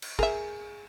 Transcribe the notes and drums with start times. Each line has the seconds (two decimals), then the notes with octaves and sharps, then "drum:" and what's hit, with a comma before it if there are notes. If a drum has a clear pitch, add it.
0.02 drum: cymbal
0.19 G#4 A#4 E5, drum: kick